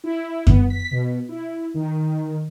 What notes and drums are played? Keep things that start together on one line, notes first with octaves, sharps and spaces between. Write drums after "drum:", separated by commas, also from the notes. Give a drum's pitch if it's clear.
E4
B3, drum: kick F#2
B6
B2
E4
D#3